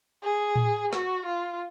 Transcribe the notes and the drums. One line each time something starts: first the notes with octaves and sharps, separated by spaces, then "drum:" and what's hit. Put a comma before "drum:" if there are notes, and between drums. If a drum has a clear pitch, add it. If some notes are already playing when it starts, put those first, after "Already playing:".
G#4
drum: tom A2
F#4, drum: snare
F4